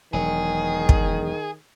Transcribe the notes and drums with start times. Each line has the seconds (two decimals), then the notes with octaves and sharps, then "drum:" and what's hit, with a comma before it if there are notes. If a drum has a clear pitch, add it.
0.13 E1 D#3 F#3 G#4
0.89 drum: kick